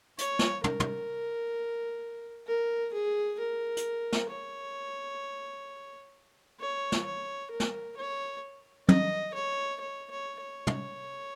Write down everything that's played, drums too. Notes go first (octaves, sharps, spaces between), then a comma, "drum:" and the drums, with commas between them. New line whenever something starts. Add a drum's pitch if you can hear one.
C#5, drum: hi-hat
drum: snare
A#4, drum: tom
drum: tom
A#4
G#4
A#4
drum: hi-hat
drum: snare
C#5
C#5
drum: snare
C#5
A#4
drum: snare
C#5
D#5, drum: tom
C#5
C#5
C#5
C#5
drum: tom